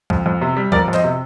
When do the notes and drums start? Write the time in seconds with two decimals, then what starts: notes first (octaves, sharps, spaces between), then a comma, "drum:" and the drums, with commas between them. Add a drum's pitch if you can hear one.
0.10 F2, drum: kick C#2
0.26 F2
0.41 C3
0.57 G3
0.72 F2 A#4 D5, drum: kick C#2
0.88 F2
0.94 C5 D#5, drum: clap
1.04 C3